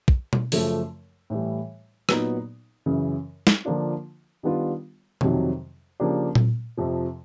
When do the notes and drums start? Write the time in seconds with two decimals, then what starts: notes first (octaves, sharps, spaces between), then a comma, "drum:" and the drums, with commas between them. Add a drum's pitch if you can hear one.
0.08 drum: kick
0.33 drum: tom B2
0.52 F#2 C#3 F3 A3, drum: open hi-hat
1.30 A2 E3 G3
2.09 A#2 F#3 B3 D#4, drum: rim click
2.86 F#2 C#3 E3
3.47 drum: snare
3.65 D3 F3 A#3 D4 F4
4.43 D#3 G3 B3 D4 F4
5.21 F2 C3 D#3 F#3, drum: tom B2
6.00 C#3 F3 A#3 D4 G4
6.35 drum: tom A#2
6.77 F2 C3 F3